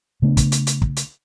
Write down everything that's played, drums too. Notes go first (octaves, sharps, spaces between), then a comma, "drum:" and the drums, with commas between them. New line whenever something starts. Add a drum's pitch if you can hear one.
C#3 A3 B3 D4
drum: kick, hi-hat
drum: hi-hat
drum: hi-hat
drum: kick
drum: hi-hat